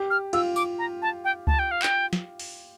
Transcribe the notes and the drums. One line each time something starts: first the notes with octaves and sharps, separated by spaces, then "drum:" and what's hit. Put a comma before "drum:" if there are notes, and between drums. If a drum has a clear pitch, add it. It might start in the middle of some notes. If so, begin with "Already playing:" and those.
Already playing: G4
F6
F4 E6, drum: cymbal
D6, drum: tambourine
A#5
A5
G5
A5, drum: kick C#2
G5
F5
G5, drum: clap
drum: snare
drum: open hi-hat